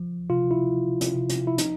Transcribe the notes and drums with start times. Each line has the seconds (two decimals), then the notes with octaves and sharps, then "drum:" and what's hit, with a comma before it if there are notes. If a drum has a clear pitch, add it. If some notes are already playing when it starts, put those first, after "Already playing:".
Already playing: F3
0.30 C3 F4
0.51 E4
0.73 F3
1.01 drum: hi-hat
1.15 C3
1.29 drum: hi-hat
1.47 E4
1.58 F3 D#4, drum: hi-hat